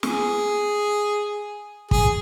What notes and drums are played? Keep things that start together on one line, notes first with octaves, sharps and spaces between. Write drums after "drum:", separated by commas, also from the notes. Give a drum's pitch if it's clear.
G#4, drum: snare
G#4, drum: kick